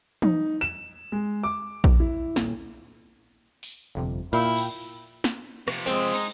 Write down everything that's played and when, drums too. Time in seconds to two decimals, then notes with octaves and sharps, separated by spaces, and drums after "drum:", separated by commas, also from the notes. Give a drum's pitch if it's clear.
0.22 D#4, drum: tom
0.61 E7
1.12 G#3
1.43 D6
1.84 drum: kick A#1
2.00 E4
2.36 D#1, drum: snare
3.63 drum: open hi-hat
3.95 G1 F2 C3
4.33 A#2 E4 F5 G5, drum: cymbal
4.56 drum: cymbal
5.24 drum: snare
5.68 F2 C3, drum: rim click
5.86 G#3 C4
6.14 D#4 A#5, drum: cymbal